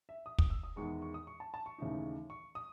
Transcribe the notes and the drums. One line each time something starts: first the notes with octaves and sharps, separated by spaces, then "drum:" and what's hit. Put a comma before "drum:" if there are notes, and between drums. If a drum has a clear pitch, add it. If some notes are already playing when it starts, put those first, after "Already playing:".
E5
D#6
D#6, drum: kick
E6
D#6
E2 D#3 G#3 C#6
C#6
D#6
C#6
A5
A5
C#6
D#2 C#3 E3 A3 D#4
C#6
D#6